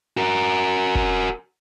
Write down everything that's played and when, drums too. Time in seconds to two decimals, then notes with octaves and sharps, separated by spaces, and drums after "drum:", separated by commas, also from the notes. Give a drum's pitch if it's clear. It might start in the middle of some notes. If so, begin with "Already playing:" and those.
0.17 F#4 A#4
0.95 drum: kick